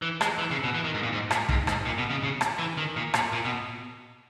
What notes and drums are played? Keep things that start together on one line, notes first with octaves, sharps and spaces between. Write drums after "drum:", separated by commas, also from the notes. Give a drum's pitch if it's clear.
E3
G#3, drum: rim click
E3
C#3
B2
E3
D#3
G#2
A#2
G#2
A#2, drum: rim click
G#2, drum: kick
G#2, drum: rim click
A#2
B2
C#3
C#3
drum: rim click
E3
D#3
A#2
A#2, drum: rim click
A#2
B2